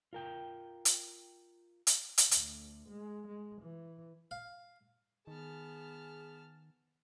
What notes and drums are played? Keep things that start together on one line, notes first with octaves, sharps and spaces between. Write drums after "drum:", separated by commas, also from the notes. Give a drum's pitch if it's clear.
F4 A#4 G5
drum: hi-hat
drum: hi-hat
drum: hi-hat
D2, drum: hi-hat
G#3
G#3
E3
F5
D#3 B3 G#4 A5 F6